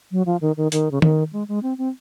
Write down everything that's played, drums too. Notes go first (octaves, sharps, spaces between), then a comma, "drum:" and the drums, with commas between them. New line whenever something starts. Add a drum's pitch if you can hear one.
F#3
F3
D#3
D#3
D#3, drum: hi-hat
C#3
D#3, drum: tom D#3
G#3
G#3
C4
C4